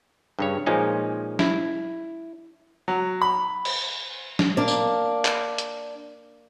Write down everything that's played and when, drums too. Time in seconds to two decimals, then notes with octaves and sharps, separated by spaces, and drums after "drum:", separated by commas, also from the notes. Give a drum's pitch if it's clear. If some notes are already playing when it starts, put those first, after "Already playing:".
0.39 G2 C#3 C#5
0.66 A#2 F3 G#3 C#4 D#4
1.39 E4, drum: snare
2.88 F#3
3.22 B5
3.65 drum: cymbal
4.39 drum: snare
4.57 A#3 D4 D5
4.68 drum: tambourine
5.25 drum: clap
5.58 drum: hi-hat